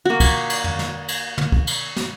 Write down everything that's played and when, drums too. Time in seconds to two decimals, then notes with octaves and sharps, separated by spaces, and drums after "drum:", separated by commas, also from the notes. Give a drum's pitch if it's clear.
0.05 A#3 F#4
0.20 drum: kick, cymbal
0.50 drum: cymbal
0.64 drum: tom
0.79 drum: snare
1.08 drum: cymbal
1.38 drum: tom
1.52 drum: kick
1.67 drum: cymbal
1.96 drum: snare